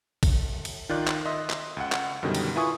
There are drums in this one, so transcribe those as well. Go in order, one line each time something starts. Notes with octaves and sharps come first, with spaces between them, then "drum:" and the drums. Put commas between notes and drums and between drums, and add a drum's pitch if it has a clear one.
drum: kick A#1, cymbal
drum: cymbal
D#3 F4 D5 F#6
drum: clap
D#5 E5 C6
drum: clap
C#2 F#5
drum: clap
F#2 B2 D3 D#3 G3
drum: cymbal
E4 F4 B4 G#5 C#6 D#6